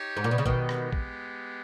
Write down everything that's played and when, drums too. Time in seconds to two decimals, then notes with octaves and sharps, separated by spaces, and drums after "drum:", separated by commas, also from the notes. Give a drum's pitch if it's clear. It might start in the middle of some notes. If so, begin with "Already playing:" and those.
Already playing: D#4 G4 C#5
0.17 G#2
0.24 A#2
0.31 B2
0.38 C#3
0.46 B2 D#3 G#3 B3 G4, drum: kick
0.69 drum: rim click
0.93 drum: kick